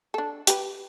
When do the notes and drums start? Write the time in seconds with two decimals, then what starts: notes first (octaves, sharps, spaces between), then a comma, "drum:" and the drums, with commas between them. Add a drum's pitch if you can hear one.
0.14 D4 A4
0.47 G4 B4, drum: hi-hat